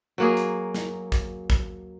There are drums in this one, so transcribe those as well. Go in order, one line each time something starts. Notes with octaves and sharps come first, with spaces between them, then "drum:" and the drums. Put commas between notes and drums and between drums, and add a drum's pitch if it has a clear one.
F#3 A#3 G#4
drum: hi-hat
drum: snare
drum: kick, hi-hat
drum: kick, hi-hat